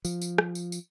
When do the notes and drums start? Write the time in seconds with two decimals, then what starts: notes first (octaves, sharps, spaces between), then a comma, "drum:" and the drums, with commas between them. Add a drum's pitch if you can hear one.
0.05 F3, drum: tambourine
0.22 drum: tambourine
0.38 drum: rim click
0.55 drum: tambourine
0.72 drum: tambourine